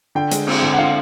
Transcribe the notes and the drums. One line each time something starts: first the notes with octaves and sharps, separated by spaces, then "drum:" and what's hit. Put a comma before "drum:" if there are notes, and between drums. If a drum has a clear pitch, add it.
D3 G5
G#3, drum: hi-hat
C4, drum: cymbal
D3
F#5
D3 F5